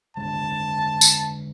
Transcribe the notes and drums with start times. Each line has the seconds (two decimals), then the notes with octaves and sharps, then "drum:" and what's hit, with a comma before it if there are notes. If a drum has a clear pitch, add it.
0.17 D3 G3 G#3 A5
1.01 drum: tambourine